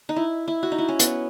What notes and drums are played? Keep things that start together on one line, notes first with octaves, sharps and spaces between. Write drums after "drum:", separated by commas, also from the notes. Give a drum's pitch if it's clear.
D#4
E4
E4
F#4
D#4
E4
C#4
B3, drum: hi-hat